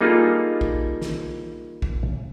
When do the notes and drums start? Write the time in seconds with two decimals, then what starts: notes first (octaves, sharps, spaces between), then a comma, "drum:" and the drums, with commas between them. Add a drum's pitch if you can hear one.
0.01 G3 A#3 D#4 F4 G#4 A4
0.61 drum: kick A#1
1.02 drum: snare
1.82 drum: kick A#1